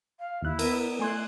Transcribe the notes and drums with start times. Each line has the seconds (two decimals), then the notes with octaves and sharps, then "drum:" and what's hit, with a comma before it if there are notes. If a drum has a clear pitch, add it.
0.19 F5
0.42 D#2 E4 F#6
0.59 B3 A#4, drum: cymbal
0.99 A3 G#5 C6 F#6